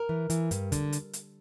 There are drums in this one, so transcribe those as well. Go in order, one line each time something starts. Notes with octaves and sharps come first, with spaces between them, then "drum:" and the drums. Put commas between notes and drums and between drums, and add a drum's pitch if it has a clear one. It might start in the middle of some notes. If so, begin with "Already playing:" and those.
Already playing: A#4
E3
E3, drum: hi-hat
G2, drum: hi-hat
D3, drum: kick, hi-hat
drum: hi-hat
drum: hi-hat